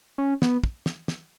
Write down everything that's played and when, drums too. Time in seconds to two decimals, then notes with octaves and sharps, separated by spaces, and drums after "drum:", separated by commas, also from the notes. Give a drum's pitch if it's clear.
0.18 C#4
0.42 B3, drum: snare
0.64 drum: kick
0.86 drum: snare
1.08 drum: snare